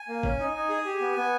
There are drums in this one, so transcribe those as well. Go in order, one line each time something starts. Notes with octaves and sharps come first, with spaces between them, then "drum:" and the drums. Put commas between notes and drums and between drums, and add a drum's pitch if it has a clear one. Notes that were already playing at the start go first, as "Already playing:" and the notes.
Already playing: G#5
A#3
C#4, drum: kick G#1
D#4
D#4
G#4
G4
B3
B3